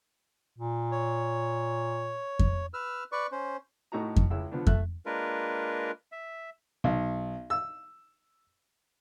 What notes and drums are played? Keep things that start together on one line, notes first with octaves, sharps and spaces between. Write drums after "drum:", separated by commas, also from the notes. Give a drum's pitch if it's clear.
A#2
C#5
drum: kick F2
B4 E6 F6
B4 D5 C#6
C#4 C5
A2 A3 D#4 F#4 A#5
drum: kick F2
C#2 G#3 E4 E6
D3 F3 B3 D4
A3 E5 F#6, drum: kick F2
G#3 A#3 D4 F4 A#4 B4
E5
B1
E6